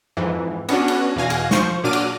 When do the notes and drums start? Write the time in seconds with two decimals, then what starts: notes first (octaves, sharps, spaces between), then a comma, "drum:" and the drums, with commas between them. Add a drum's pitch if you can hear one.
0.17 F2 G#2 E3
0.69 B3 C#4 D4 F#4, drum: cymbal
0.88 drum: cymbal
1.16 E2 B2 F5 G#5 A#6
1.30 drum: cymbal
1.51 F3 C5 C#6, drum: snare
1.84 A#2 F#3 D4 D6 F6 D#7
1.93 drum: cymbal